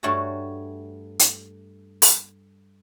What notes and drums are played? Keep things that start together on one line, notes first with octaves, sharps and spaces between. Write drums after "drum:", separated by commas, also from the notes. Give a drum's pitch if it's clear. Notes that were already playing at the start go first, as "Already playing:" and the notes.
G2 A3 F#4 C#5 D5 A5
drum: hi-hat
drum: open hi-hat